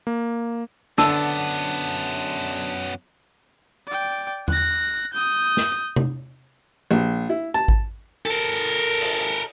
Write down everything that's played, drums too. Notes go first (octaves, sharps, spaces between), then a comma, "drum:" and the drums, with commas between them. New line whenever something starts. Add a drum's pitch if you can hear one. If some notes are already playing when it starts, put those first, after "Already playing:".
A#3
F#2 D3 B3 D4 A5 E6, drum: snare
D5 G5
F#6 A#6, drum: tom E2
D#6 G6
drum: snare
drum: hi-hat
drum: tom C3
A#1, drum: hi-hat
E4
A5, drum: hi-hat
drum: kick G#1
A4 A#4
drum: cymbal